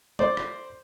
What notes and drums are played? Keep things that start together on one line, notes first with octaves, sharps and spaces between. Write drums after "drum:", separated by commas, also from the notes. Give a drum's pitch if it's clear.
C5 D5, drum: tom
drum: rim click